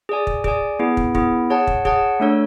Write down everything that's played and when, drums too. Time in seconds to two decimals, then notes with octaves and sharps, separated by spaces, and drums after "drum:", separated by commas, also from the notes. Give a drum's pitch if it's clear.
0.09 G#4 D5 G#5
0.27 drum: kick
0.44 G#4 D5 G#5, drum: kick
0.79 B3 E4 G#4
0.97 drum: kick
1.15 B3 E4 G#4, drum: kick
1.50 G#4 C#5 F#5 A5
1.67 drum: kick
1.85 G#4 C#5 F#5 A5, drum: kick
2.20 A3 D4 A4 C#5